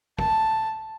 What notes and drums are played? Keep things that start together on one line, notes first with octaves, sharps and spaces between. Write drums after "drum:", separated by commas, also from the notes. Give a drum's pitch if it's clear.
A5, drum: kick